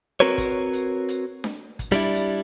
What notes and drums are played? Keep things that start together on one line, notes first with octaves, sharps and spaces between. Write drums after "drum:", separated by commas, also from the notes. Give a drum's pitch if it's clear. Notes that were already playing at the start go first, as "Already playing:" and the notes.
C4 F#4 A#4 B4 C#5
drum: kick, hi-hat
drum: hi-hat
drum: hi-hat
drum: snare D4
drum: kick, hi-hat
G3 D4 E4
drum: hi-hat